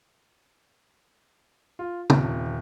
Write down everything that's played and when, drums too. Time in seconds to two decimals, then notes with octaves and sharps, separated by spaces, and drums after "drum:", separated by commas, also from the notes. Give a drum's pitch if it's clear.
1.79 F4
2.10 D#1, drum: tom